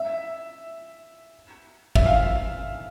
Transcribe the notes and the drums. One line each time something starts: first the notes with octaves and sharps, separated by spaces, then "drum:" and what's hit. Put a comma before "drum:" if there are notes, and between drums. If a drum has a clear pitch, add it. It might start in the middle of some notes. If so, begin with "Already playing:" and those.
Already playing: E5
E5, drum: kick
F5